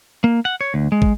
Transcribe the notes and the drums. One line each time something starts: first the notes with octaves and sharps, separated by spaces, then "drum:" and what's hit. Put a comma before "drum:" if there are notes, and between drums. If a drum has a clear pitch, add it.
A#3
F#5
C#5
D2
G#3
drum: kick